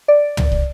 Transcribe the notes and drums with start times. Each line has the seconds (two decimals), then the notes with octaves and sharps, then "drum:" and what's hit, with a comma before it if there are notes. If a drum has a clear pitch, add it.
0.08 D5
0.37 drum: tom
0.52 drum: kick